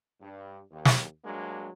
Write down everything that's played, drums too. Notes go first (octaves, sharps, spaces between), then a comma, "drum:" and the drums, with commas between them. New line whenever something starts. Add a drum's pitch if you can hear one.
G2
D#2
drum: snare
G2 F#3 G#3 A#3 D4